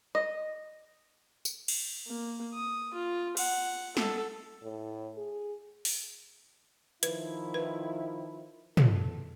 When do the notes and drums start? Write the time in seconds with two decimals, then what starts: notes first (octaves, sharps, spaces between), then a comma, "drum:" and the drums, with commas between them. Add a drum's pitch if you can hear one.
0.15 D#5
1.45 drum: tambourine
1.68 drum: cymbal
2.07 A#3
2.54 D#6
2.93 F4
3.37 F#5, drum: cymbal
3.97 A4, drum: snare
4.63 A2
5.17 G#4
5.85 drum: open hi-hat
7.03 D#3 F3 E4 B4, drum: hi-hat
7.54 B4
8.77 E2 A4, drum: tom